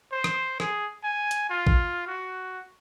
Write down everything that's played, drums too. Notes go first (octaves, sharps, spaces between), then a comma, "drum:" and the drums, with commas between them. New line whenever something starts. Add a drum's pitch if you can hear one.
C5
drum: rim click
G#4, drum: rim click
G#5
drum: hi-hat
F4
drum: kick
F#4